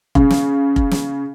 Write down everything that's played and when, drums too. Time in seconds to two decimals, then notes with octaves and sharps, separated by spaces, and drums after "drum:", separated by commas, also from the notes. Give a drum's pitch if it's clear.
0.15 C#3, drum: kick F1
0.30 drum: snare
0.76 drum: kick F1
0.91 drum: snare